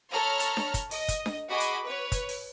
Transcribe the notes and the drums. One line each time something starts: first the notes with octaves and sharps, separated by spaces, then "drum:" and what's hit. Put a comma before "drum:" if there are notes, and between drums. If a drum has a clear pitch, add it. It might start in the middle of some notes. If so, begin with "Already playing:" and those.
A4 C#5 A#5 B5 F6
drum: hi-hat
drum: snare D4
drum: kick, hi-hat
D#5, drum: open hi-hat
drum: kick, hi-hat
drum: snare D4
F#4 G#4 D#5 B5 D6
drum: hi-hat
B4 C#5
drum: kick, hi-hat
drum: open hi-hat